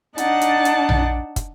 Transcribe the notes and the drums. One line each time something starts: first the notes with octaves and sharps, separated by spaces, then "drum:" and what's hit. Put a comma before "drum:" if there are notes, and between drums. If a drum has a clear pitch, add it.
D4 D#4 F#5 A5, drum: hi-hat
drum: hi-hat
drum: hi-hat
drum: tom A#1
drum: kick, hi-hat